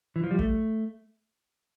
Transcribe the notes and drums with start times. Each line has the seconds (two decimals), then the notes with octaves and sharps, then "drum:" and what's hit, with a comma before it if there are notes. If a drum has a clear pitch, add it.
0.16 E3
0.24 F3
0.31 G3
0.39 A3, drum: kick